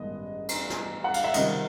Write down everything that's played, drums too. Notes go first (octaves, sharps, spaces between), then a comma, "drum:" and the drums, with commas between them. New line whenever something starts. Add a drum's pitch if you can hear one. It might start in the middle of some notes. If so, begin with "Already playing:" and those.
Already playing: A1 G2 D#3 G#3 B3 D#5
drum: cymbal
drum: snare
F#5
F5, drum: cymbal
E5
C#2 C3 D#3 G3 C4 D#5, drum: cymbal